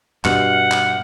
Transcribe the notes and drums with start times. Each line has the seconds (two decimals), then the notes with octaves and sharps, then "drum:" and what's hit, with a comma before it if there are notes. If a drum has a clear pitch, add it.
0.25 G2 B2 F#5, drum: clap
0.72 drum: clap